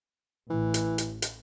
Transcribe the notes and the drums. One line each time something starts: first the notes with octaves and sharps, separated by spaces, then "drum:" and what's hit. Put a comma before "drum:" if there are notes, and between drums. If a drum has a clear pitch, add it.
A1 E3
drum: hi-hat
drum: hi-hat
drum: hi-hat